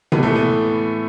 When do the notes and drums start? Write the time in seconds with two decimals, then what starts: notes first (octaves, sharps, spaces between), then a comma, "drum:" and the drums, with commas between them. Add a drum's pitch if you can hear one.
0.12 A2 E3 B3, drum: tom C3
0.23 A3
0.36 B3